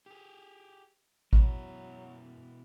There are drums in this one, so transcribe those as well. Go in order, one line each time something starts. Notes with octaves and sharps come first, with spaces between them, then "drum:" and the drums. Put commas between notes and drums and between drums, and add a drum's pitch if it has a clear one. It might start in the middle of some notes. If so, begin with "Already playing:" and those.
G4 G#4
F#2 B2 F#3 E4, drum: kick A1